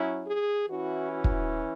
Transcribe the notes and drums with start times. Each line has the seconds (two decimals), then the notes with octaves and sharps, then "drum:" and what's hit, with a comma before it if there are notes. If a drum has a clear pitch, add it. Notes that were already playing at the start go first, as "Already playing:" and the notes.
Already playing: F#3 C#4 E4
0.27 G#4
0.69 E3 C#4 E4 F#4
1.10 F#4
1.24 drum: kick